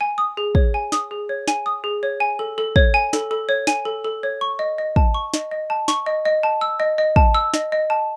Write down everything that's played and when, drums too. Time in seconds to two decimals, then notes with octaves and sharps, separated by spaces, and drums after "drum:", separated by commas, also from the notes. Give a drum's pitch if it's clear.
0.01 G#5
0.18 D#6
0.37 G#4
0.55 C#5, drum: kick
0.74 G#5
0.92 D#6, drum: snare
1.11 G#4
1.29 C#5
1.48 G#5, drum: snare
1.66 D#6
1.84 G#4
2.03 C#5
2.20 G#5
2.39 A4
2.58 A4
2.76 C#5, drum: kick
2.94 G#5
3.13 A4, drum: snare
3.31 A4
3.49 C#5
3.67 G#5, drum: snare
3.85 A4
4.04 A4
4.23 C#5
4.41 C#6
4.59 D#5
4.78 D#5
4.96 A5, drum: kick
5.14 C#6
5.34 D#5, drum: snare
5.51 D#5
5.70 A5
5.88 C#6, drum: snare
6.06 D#5
6.25 D#5
6.43 A5
6.61 E6
6.80 D#5
6.98 D#5
7.16 A5, drum: kick
7.34 E6
7.54 D#5, drum: snare
7.72 D#5
7.90 A5